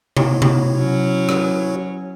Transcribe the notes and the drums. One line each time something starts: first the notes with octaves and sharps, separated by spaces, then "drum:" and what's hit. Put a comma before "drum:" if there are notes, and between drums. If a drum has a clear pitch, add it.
E4 F#4 C#5, drum: tom C3
drum: tom C3
F#3 C#4
drum: rim click